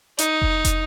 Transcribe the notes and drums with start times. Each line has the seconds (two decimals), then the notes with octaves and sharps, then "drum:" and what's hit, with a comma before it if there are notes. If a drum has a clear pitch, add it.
0.18 D#4, drum: hi-hat
0.42 drum: kick
0.65 drum: kick, hi-hat